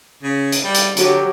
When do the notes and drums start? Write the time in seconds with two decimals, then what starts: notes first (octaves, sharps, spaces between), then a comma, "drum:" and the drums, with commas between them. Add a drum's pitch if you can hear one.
0.23 C#3
0.52 drum: hi-hat
0.64 G3
0.74 drum: hi-hat
0.97 D3 F#3 G4, drum: hi-hat